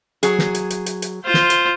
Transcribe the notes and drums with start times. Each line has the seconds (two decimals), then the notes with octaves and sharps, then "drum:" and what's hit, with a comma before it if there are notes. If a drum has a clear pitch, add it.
0.23 F#3 G#4, drum: hi-hat
0.39 drum: snare
0.55 drum: hi-hat
0.70 drum: hi-hat
0.86 drum: hi-hat
1.02 drum: hi-hat
1.25 F4 C5
1.34 drum: snare
1.50 drum: hi-hat